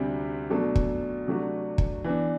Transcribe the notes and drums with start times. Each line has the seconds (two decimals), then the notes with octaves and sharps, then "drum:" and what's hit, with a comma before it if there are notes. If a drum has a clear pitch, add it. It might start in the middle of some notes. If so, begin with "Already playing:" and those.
Already playing: D2 C3 G3 C4
0.50 B2 F#3 A3 D4 A4
0.76 drum: kick
1.27 C3 F#3 A3 D4 F#4
1.78 drum: kick
2.04 E3 B3 D4